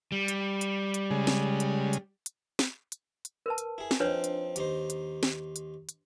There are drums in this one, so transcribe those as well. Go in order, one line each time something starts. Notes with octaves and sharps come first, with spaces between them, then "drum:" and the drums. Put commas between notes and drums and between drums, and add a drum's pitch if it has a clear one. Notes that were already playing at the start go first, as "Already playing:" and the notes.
G3
drum: hi-hat
drum: hi-hat
drum: hi-hat
C#3 G#3
drum: snare
drum: hi-hat
drum: hi-hat
drum: hi-hat
drum: snare
drum: hi-hat
drum: hi-hat
A#4 B4 A5
drum: hi-hat
E4 G#4
drum: snare
F3 C4 D4 D#4 B4 C#5
drum: hi-hat
D#2 D#4 C5, drum: hi-hat
drum: hi-hat
drum: snare
drum: hi-hat
drum: hi-hat